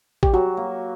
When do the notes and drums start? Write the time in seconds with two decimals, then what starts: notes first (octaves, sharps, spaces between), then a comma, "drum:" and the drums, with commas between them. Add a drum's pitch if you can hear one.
0.23 G4, drum: kick A1
0.34 F#3 F#4
0.57 A#3